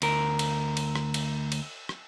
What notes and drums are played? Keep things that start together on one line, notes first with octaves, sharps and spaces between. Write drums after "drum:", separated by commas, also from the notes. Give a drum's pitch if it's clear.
D2 A#4, drum: cymbal
drum: cymbal
drum: cymbal
drum: rim click
drum: cymbal
drum: cymbal
drum: rim click